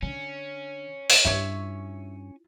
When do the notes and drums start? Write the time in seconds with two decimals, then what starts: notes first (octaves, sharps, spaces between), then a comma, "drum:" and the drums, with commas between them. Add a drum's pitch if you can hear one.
0.02 D3 C#4
1.10 drum: open hi-hat
1.25 G2 E4 F4 C#5 E5